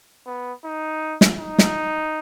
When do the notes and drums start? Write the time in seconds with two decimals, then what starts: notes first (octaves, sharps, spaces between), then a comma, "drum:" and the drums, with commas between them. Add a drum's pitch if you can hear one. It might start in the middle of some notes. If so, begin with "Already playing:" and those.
0.27 B3
0.65 D#4
1.21 drum: snare
1.39 D#4
1.59 drum: snare